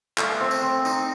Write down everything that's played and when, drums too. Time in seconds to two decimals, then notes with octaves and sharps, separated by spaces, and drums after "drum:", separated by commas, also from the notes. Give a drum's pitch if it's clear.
0.18 A3, drum: clap
0.40 C4
0.51 drum: tambourine
0.62 C4
0.85 D#4, drum: tambourine